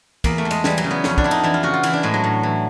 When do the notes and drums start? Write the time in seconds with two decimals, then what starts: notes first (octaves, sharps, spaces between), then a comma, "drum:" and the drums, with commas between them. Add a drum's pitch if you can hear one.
0.24 E2 A#3, drum: kick, cymbal
0.38 A3
0.45 E2
0.51 G#3, drum: cymbal
0.64 E3 G3, drum: snare
0.78 F#3, drum: cymbal
0.84 C#3
0.91 B3
1.04 F2 C#4, drum: snare
1.18 D4, drum: kick
1.24 F2 E4
1.31 D#4, drum: cymbal
1.44 E3 E4
1.54 F4
1.63 C#3 F#4
1.74 F4
1.83 E3 E4, drum: cymbal
1.93 D4
2.03 A2 G#3
2.14 F#3
2.24 A2
2.43 E3